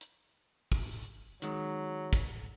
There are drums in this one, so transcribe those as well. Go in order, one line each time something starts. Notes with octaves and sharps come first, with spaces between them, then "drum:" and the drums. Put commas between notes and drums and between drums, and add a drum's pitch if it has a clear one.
drum: hi-hat
drum: kick, open hi-hat
D#3 F#3 G#3, drum: hi-hat
drum: kick, hi-hat